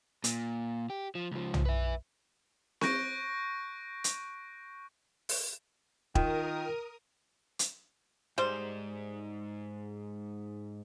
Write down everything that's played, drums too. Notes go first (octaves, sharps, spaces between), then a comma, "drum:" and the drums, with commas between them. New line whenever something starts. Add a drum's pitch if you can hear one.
A#2, drum: hi-hat
G4
F3
C#2 F3
drum: tom
B4 E5
C#6 F#6 G6 A#6 D7, drum: snare C4
drum: hi-hat
drum: open hi-hat
D#3 F4 A#4 G5 D#6, drum: kick E1
drum: hi-hat
G#2 G3 D#4 C5